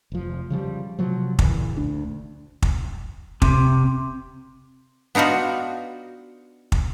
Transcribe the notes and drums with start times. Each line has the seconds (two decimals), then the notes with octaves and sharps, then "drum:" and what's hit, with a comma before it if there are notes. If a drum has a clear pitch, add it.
0.12 F1 F3
0.50 C#3 F3 G3
0.99 C3 F3 F#3
1.39 A#2 C#3 E3, drum: kick
1.76 D2 D4
2.62 drum: kick
3.42 C3, drum: kick
5.15 B3 D4 D#4 F4 F#4
6.72 drum: kick